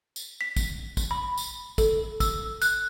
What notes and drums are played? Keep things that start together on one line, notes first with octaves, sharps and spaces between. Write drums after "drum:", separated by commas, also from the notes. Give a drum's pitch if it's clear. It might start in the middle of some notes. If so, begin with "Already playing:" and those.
drum: tambourine
B6
drum: kick, tambourine
drum: kick, tambourine
B5
drum: tambourine
A4, drum: kick, tambourine
E6, drum: kick, tambourine
F#6, drum: tambourine